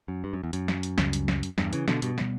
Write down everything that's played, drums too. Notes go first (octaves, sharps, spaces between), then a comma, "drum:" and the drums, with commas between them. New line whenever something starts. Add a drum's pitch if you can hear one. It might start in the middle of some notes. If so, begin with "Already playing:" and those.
F#2
G2
F#2
E2
F#2, drum: hi-hat
drum: snare
drum: hi-hat
C#2 C#3 G3, drum: snare
drum: hi-hat
drum: snare
drum: hi-hat
E2 G2, drum: snare
C#3 E3, drum: hi-hat
B2 D3, drum: snare
G2 B2, drum: hi-hat
B2 G3 B3, drum: snare